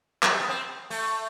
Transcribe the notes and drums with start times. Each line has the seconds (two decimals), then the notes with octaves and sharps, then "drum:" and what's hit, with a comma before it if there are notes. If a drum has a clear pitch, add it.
0.23 F#3, drum: clap
0.32 G3
0.40 B3
0.49 C4
0.90 A3, drum: open hi-hat